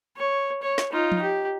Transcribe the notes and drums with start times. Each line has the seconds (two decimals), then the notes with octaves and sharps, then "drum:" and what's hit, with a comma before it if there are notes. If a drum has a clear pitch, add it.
0.17 C#5
0.62 C#5
0.78 drum: snare
0.92 D#4 F4
1.12 drum: tom F3
1.22 G4